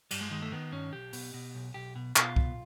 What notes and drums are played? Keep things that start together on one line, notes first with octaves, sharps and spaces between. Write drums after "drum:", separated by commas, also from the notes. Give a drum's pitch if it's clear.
G2 G3, drum: cymbal
G#3
D#3 G#3
A3
D#3 B3
G2 C#4
B1 G4
B2, drum: open hi-hat
B2
B1
B1 G4
B2
B2 F4, drum: clap
B1, drum: kick